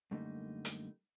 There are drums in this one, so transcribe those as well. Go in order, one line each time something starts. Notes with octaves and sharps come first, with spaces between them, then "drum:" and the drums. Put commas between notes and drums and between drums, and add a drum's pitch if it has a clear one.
F#2 D3 G3 A3 A#3 D#4
drum: hi-hat